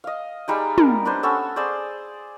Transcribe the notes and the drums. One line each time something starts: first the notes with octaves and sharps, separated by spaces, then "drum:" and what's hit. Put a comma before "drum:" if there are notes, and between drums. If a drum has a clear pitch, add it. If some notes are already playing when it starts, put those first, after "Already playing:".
D#5 F5
G3 G#3 D#4
A#4, drum: tom
D4 B4 C5
B3 C#4 A4 E6
G#4 C5 D5 E6